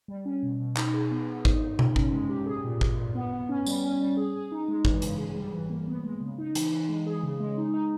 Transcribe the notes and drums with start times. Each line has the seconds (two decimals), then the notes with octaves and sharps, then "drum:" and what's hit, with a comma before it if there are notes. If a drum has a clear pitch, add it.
0.08 G3
0.25 C#4
0.43 B2
0.60 B2
0.77 D#4, drum: clap
0.94 G#4
1.11 B3
1.27 B3
1.45 D#4, drum: kick G#1
1.62 D#4
1.79 C#3, drum: tom B2
1.96 C#4, drum: kick G#1
2.13 G#3
2.29 G4
2.46 G#4
2.64 A#2
2.81 A#2, drum: kick G#1
2.98 A#2
3.15 B3
3.32 B3
3.49 C#4
3.66 G3, drum: tambourine
3.83 C#4
4.01 G3
4.17 G#4
4.33 G#4
4.52 D#4
4.68 G#3
4.85 E3, drum: kick G#1
5.02 C#3, drum: hi-hat
5.18 G#4
5.36 G3
5.53 E3
5.70 A#3
5.88 B3
6.04 G#3
6.21 C#3
6.38 D#4
6.55 E3, drum: hi-hat
6.73 E3
6.89 G#3
7.06 G#4
7.23 C#3
7.40 G#3
7.58 D#4
7.74 D#4